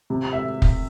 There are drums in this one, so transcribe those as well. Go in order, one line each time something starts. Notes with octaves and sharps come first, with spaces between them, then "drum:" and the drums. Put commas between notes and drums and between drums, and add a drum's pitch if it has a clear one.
C3
E5
drum: kick